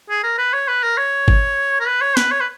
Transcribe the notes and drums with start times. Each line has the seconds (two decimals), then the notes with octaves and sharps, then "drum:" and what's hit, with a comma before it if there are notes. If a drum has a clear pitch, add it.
0.10 G#4
0.24 A#4
0.38 B4
0.53 C#5
0.68 B4
0.84 A#4
0.98 C#5
1.28 drum: kick G1
1.80 A#4
1.87 B4
2.02 C#5
2.17 B4, drum: snare
2.32 C#5
2.41 B4